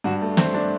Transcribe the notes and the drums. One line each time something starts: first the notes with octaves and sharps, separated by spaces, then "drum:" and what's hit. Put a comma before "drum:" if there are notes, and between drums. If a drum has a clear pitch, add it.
G2 F#4
A3
A3 C4, drum: snare
D4